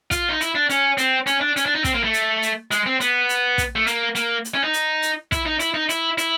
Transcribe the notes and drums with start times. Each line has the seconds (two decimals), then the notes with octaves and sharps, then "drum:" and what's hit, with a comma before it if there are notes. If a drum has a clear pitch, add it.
0.11 F4, drum: kick, hi-hat
0.29 D#4
0.41 E4, drum: hi-hat
0.55 D4
0.70 C#4, drum: hi-hat
0.98 C4, drum: hi-hat
1.27 C#4, drum: hi-hat
1.41 D4
1.56 C#4, drum: hi-hat
1.66 D4
1.75 D#4
1.84 C4, drum: kick, hi-hat
1.95 A#3
2.04 A3
2.14 drum: hi-hat
2.42 drum: hi-hat
2.71 G#3, drum: hi-hat
2.86 C4
3.00 B3, drum: hi-hat
3.29 drum: hi-hat
3.58 drum: kick, hi-hat
3.76 A3
3.87 A#3, drum: hi-hat
4.15 A#3, drum: hi-hat
4.45 drum: hi-hat
4.54 C#4
4.64 D#4
4.73 drum: hi-hat
5.02 drum: hi-hat
5.32 E4, drum: kick, hi-hat
5.46 D#4
5.60 E4, drum: hi-hat
5.74 D#4
5.89 E4, drum: hi-hat
6.18 E4, drum: hi-hat